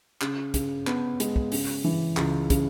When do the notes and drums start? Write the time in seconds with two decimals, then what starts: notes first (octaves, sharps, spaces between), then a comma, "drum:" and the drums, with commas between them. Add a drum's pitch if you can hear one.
0.21 C#3, drum: clap
0.54 C#3, drum: kick, hi-hat
0.87 B3, drum: clap
1.20 G#3, drum: hi-hat
1.36 drum: kick
1.52 C#3, drum: open hi-hat
1.84 E3
2.17 C#2, drum: clap
2.50 C#3, drum: kick, hi-hat